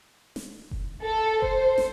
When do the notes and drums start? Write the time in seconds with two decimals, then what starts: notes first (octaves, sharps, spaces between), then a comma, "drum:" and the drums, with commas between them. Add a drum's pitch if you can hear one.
0.36 drum: snare
0.71 drum: kick F1
1.02 A4
1.42 C5, drum: kick F1
1.78 drum: snare